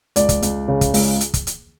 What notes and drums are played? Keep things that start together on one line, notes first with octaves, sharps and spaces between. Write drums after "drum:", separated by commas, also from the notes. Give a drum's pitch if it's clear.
C#2 D5, drum: hi-hat
drum: kick, hi-hat
C#2, drum: hi-hat
C#3
drum: kick, hi-hat
C#2, drum: open hi-hat
drum: hi-hat
drum: kick, hi-hat
drum: hi-hat